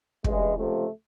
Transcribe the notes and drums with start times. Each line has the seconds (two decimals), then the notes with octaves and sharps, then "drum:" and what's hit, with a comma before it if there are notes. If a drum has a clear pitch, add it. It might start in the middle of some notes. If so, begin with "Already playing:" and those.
0.24 A1 G2 E3 G#3, drum: kick
0.56 C#2 C3 F3 A3